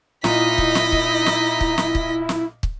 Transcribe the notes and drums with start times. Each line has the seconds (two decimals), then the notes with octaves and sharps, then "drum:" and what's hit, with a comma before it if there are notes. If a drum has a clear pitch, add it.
0.24 A#2 D#4 E4 D#5 B6, drum: snare
0.58 drum: kick
0.75 drum: snare
0.92 drum: kick
1.26 drum: snare
1.61 drum: kick
1.78 drum: snare
1.95 drum: kick
2.29 drum: snare
2.63 drum: kick